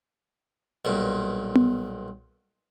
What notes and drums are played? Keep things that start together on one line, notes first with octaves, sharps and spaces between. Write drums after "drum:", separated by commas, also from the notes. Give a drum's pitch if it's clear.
B1 G2 A#2
drum: tom B3